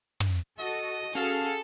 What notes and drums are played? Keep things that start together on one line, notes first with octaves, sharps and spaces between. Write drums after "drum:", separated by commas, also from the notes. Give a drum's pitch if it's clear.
drum: tom
F#4 A4 D#5
C#4 F#4 G#4 A4 F5